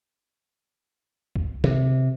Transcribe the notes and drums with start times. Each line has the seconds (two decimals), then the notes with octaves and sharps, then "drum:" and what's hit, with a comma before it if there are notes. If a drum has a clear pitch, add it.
1.36 drum: kick
1.64 C3, drum: snare